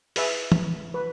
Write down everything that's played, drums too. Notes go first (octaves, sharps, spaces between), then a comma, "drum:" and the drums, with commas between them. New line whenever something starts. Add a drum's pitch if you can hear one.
G#4 B4 E5, drum: open hi-hat
drum: tom E3
B4